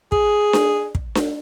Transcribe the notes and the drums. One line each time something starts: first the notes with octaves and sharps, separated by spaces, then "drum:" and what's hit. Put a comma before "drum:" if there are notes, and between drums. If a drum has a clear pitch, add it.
G#4, drum: kick
drum: snare D4
drum: kick
drum: snare D4